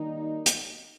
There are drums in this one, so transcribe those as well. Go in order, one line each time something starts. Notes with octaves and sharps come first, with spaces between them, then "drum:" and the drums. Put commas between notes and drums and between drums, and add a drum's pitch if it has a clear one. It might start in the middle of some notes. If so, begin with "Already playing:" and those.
Already playing: D#3 G3 A#3 D#4
drum: hi-hat